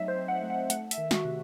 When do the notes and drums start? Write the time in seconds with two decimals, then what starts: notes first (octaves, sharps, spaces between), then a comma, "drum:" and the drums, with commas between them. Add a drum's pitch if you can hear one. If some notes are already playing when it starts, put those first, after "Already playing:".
Already playing: F#3 A3 C4 D#4 D#5 E5
0.08 C5
0.16 C4
0.28 F#5
0.42 A3
0.50 F#5
0.70 A3 F#5, drum: hi-hat
0.91 E5, drum: hi-hat
0.98 D#3
1.11 F#4, drum: snare
1.25 C3